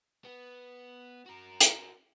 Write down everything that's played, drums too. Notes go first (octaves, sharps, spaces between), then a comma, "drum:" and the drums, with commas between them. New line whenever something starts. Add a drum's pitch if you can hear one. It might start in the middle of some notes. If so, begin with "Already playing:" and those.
B3
F#4 A#4
drum: hi-hat